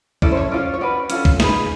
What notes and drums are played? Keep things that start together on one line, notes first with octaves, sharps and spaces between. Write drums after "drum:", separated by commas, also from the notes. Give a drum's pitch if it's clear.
C#4 E4 A4 D5, drum: kick
C5
C#5
C#4 F4 A4 D5
C#5
C#4 F#4 B4 D5
C#4 F4 A4, drum: hi-hat
drum: kick
D#4 G#4 B4, drum: snare